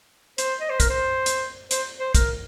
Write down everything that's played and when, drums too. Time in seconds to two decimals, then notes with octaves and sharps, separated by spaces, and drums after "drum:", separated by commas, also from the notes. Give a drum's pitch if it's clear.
0.38 C5, drum: hi-hat
0.61 D#5
0.69 C5
0.80 A#4, drum: kick, hi-hat
0.90 C5
1.26 drum: hi-hat
1.71 C5, drum: hi-hat
2.00 C5
2.15 A#4, drum: kick, hi-hat